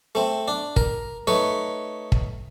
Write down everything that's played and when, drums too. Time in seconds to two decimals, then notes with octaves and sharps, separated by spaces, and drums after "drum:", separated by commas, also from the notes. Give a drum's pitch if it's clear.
0.15 A3 C4
0.48 D4
0.76 A#4, drum: kick
1.27 A3 D#4 B4 C#5
2.12 drum: kick